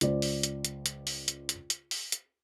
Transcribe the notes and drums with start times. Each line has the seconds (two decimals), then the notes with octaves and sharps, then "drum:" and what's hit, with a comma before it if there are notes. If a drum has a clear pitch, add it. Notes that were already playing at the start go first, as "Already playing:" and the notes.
0.01 C#2 C5 D5, drum: hi-hat
0.22 drum: open hi-hat
0.43 drum: hi-hat
0.65 drum: hi-hat
0.86 drum: hi-hat
1.07 drum: open hi-hat
1.28 drum: hi-hat
1.49 drum: hi-hat
1.70 drum: hi-hat
1.91 drum: open hi-hat
2.12 drum: hi-hat